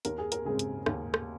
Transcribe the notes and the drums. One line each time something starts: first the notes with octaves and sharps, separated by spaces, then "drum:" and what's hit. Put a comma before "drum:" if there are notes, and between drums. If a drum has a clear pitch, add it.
D#2 A#4, drum: hi-hat
G#4
A#4, drum: hi-hat
C#3 G#3 C4 G#4
drum: hi-hat
D#2, drum: rim click
drum: rim click